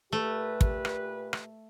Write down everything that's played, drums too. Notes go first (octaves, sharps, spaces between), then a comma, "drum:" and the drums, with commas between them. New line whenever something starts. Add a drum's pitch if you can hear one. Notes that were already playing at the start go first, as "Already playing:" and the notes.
A#2 A3 G4 B4
drum: kick
drum: rim click
drum: rim click